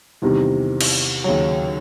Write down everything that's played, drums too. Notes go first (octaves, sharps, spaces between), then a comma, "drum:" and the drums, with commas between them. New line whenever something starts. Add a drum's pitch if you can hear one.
E2 C3 D#3 G3
drum: cymbal
D#2 C#3 F#3